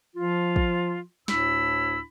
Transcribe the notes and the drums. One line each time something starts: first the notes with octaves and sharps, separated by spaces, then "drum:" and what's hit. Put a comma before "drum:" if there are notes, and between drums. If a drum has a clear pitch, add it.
F3 F4
drum: kick
D2 A2 D4 E4 B5 E6, drum: snare